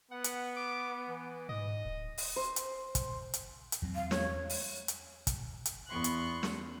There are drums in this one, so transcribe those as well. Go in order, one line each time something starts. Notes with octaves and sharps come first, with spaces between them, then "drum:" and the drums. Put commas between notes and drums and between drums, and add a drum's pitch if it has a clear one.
B3 F#5
drum: hi-hat
D6
E3
G#2 D#5
D1
drum: open hi-hat
C5
drum: hi-hat
drum: kick, hi-hat
drum: hi-hat
drum: hi-hat
E2 F#3 C4
F5
C#5, drum: snare
drum: open hi-hat
drum: hi-hat
drum: kick, hi-hat
drum: hi-hat
E2 B3 C6 C#6 F#6
drum: hi-hat
drum: snare